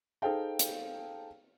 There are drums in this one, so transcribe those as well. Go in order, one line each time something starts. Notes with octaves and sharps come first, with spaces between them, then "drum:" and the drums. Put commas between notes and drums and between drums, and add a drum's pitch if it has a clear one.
D#4 G#4 A4 C5 F5 G5
drum: hi-hat